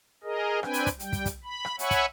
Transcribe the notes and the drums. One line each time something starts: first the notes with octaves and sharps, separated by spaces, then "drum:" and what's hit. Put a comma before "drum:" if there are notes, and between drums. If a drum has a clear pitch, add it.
G#4 A#4 D#5
C4 D4 B4 G5 G#5, drum: rim click
drum: hi-hat
drum: kick, hi-hat
G3 G5, drum: hi-hat
drum: kick, hi-hat
drum: kick, hi-hat
B5
drum: rim click
C#5 E5 F#5 G#5 B5 C#6, drum: hi-hat
drum: kick, hi-hat